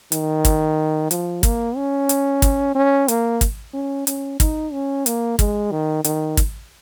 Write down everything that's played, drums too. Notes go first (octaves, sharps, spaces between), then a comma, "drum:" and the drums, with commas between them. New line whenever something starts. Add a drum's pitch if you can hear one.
D#3, drum: hi-hat
drum: kick, hi-hat
F3, drum: hi-hat
A#3, drum: kick, hi-hat
C#4
drum: hi-hat
drum: kick, hi-hat
C#4
A#3, drum: hi-hat
drum: kick, hi-hat
C#4
C#4, drum: hi-hat
D#4, drum: kick, hi-hat
C#4
A#3, drum: hi-hat
G#3, drum: kick, hi-hat
D#3
D#3, drum: hi-hat
drum: kick, hi-hat